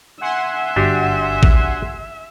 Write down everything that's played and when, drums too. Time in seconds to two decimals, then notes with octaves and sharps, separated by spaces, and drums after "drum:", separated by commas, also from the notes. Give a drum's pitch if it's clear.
0.21 E5 F#5 G#5 C6
0.76 G1 D4 F#4 G4
1.43 drum: kick A1